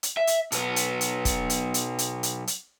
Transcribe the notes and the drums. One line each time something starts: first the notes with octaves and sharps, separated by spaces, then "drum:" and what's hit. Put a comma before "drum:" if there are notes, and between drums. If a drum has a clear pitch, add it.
drum: hi-hat
E5
drum: hi-hat
B1 B3, drum: hi-hat
drum: hi-hat
drum: hi-hat
drum: kick, hi-hat
drum: hi-hat
drum: hi-hat
drum: hi-hat
drum: hi-hat
drum: hi-hat